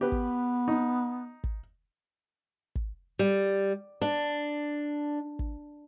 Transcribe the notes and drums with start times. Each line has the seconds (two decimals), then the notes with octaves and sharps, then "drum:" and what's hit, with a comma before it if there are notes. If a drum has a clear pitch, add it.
0.01 B3 G4 B4
0.12 drum: kick
0.68 D#4
1.44 drum: kick
2.75 drum: kick
3.19 G3
4.01 D4
5.39 drum: kick